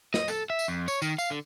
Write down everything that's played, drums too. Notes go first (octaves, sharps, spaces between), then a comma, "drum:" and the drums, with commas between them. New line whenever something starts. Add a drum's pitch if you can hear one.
D#5, drum: snare
A4, drum: tambourine
E5
drum: tambourine
F2
C#5, drum: tambourine
D#3, drum: tambourine
F5, drum: tambourine
D3